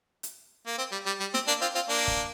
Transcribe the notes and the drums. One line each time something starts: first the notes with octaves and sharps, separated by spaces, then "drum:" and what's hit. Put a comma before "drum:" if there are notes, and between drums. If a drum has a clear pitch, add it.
drum: hi-hat
A#3
C4
G3
G3
G3
C4, drum: snare
A#3 D4
C4 F4
C4 F4
A#3 D4
drum: kick